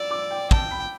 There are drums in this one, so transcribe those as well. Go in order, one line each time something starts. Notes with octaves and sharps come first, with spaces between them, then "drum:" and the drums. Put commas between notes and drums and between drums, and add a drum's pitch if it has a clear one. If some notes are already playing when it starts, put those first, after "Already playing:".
Already playing: D5 E6
D6
G5
G5 A5, drum: kick
B5